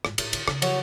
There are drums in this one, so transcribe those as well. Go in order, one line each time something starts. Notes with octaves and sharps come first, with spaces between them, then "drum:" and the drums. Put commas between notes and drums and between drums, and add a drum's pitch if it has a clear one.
G#2, drum: rim click
A2, drum: cymbal
D3, drum: cymbal
C#3, drum: rim click
F#3, drum: cymbal